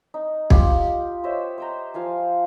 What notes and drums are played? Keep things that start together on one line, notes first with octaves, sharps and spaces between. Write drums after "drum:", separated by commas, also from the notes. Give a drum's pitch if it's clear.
D#4
F4 G4, drum: kick
C5 C#5 D#5 E5
C5 G5 A#5
F3 F4 F5 G#5